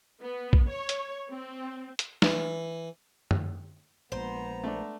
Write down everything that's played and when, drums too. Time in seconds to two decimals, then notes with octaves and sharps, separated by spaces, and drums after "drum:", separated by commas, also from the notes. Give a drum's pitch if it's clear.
0.21 B3
0.53 drum: kick A#1
0.70 C#5
0.89 drum: hi-hat
1.28 C4
1.99 drum: hi-hat
2.22 E3, drum: snare
3.31 drum: tom F#2
4.12 A#1 A#2 G#3 B3 C5 A#5
4.63 A3 D4